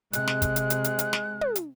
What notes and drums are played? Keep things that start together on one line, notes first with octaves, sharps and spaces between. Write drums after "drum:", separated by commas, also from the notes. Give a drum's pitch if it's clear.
C3 G#3 F#6, drum: hi-hat
drum: snare
drum: kick, hi-hat
drum: hi-hat
drum: hi-hat
drum: hi-hat
drum: hi-hat
drum: snare
drum: tom
drum: hi-hat